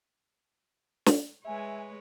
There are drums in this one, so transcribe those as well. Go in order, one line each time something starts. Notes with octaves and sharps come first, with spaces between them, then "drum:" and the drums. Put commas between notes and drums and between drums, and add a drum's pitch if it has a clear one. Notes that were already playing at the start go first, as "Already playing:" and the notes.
drum: snare
G#3 B4 C#5 E5 G#5